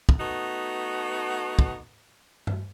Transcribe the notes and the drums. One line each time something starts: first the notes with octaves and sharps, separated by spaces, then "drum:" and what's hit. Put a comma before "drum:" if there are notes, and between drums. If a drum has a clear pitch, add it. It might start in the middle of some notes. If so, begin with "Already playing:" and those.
drum: kick
A3 B3 D#4 F#4
drum: kick
drum: tom G2